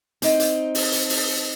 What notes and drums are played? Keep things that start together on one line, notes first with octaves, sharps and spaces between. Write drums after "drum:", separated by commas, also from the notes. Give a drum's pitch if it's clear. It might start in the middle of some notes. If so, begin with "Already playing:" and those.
C4 D#4, drum: hi-hat
drum: hi-hat
drum: open hi-hat
drum: hi-hat
drum: open hi-hat